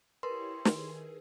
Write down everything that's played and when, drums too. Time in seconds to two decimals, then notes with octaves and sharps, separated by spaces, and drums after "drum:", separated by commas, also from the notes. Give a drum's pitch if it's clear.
0.23 E4 G4 A#4 B4 C#5 C6
0.65 D#3 G#4, drum: snare